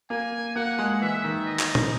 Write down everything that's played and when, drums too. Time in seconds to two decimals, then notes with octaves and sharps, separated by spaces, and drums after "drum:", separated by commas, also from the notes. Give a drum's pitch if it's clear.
0.10 A#3 G#5
0.56 A#3 F#5
0.79 G#3
1.01 E3 E5
1.24 D#3
1.46 D#5
1.59 drum: clap
1.75 drum: tom A#2